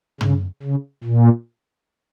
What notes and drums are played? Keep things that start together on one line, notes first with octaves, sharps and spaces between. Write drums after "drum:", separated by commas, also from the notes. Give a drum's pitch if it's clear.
C#3, drum: tom
C#3
A#2